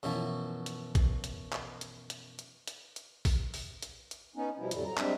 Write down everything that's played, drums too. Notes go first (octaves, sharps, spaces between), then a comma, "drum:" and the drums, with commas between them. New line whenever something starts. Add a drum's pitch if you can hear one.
F#2 B2 E3 F3
drum: hi-hat
drum: kick, hi-hat
drum: hi-hat
drum: clap
drum: hi-hat
drum: hi-hat
drum: hi-hat
drum: hi-hat
drum: hi-hat
drum: kick, open hi-hat
drum: open hi-hat
drum: hi-hat
drum: hi-hat
B3 C#4 D#4
B2 F3 G3 E4
F2 A2 D3 F#3 G3, drum: hi-hat
F#3 A#5
G3 G#3 C4 D4 E5, drum: clap